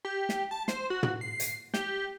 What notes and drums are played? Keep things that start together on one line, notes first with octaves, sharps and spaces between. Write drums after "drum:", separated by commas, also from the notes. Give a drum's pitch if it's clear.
G4
drum: snare
A5
C5, drum: snare
F#4
drum: tom
C7
drum: hi-hat
G4, drum: snare